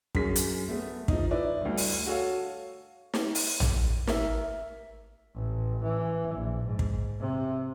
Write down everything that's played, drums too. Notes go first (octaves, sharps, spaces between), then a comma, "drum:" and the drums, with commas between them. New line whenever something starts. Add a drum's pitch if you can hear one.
F#2 C#4 G#4 B6, drum: kick
drum: hi-hat
A3 B3
F3 D#4, drum: kick
E4 B4 D5
D2 G2
drum: open hi-hat
F#4 A4 C#5 F5
drum: snare
drum: open hi-hat
drum: tom
G#1 A#4 E5, drum: snare
A1
E3
A#1
G#2
drum: kick
C3